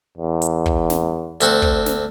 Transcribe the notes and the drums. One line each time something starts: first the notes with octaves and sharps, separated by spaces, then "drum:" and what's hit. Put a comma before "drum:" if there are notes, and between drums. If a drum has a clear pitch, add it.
E2
drum: hi-hat
drum: kick
drum: snare
D2 C4 F#4, drum: hi-hat
drum: kick
drum: snare